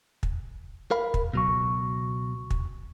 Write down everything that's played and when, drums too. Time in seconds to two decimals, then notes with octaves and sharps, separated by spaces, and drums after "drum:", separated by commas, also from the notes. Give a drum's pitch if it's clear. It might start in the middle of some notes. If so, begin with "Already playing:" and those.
0.23 drum: kick
0.91 A#4 F5 B5
1.14 drum: kick
1.34 C#2 B2 F#3 C#6
2.50 drum: kick